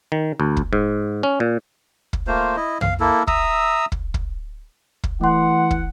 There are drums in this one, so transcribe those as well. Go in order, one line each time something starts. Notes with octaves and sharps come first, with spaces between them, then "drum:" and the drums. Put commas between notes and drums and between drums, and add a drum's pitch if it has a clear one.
D#3
D2
drum: kick
G#2
C#4
A#2
drum: kick
A3 A#3 F4 C5
E4 D#5
F5, drum: tom
A#3 E4 A4
E5 A#5 D#6 E6, drum: kick
drum: kick
drum: kick
drum: kick
E3 A3 F#5 C6
drum: kick